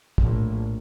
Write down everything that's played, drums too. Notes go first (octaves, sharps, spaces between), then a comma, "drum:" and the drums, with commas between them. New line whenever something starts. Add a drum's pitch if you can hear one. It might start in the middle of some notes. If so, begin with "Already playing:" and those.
A#1 A2, drum: kick